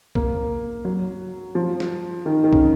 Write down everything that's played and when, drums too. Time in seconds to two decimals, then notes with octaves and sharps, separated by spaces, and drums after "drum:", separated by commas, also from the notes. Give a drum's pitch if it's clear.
0.15 A#3, drum: kick B1
0.85 F#3
1.55 F3
1.80 drum: snare
2.26 D#3
2.44 D#3
2.53 C#3, drum: kick B1